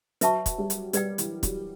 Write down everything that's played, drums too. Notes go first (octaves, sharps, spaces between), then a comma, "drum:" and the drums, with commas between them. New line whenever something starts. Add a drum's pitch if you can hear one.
F#3 B4 E5 A5 C#6, drum: hi-hat
drum: kick, hi-hat
G3
drum: hi-hat
G3 B4 D5 G5, drum: hi-hat
E3, drum: hi-hat
F#3, drum: kick, hi-hat